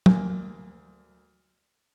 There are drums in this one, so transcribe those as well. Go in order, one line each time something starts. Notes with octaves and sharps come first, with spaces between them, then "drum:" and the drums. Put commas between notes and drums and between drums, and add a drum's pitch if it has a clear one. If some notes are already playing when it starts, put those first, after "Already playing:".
D2 A#3 G#5, drum: tom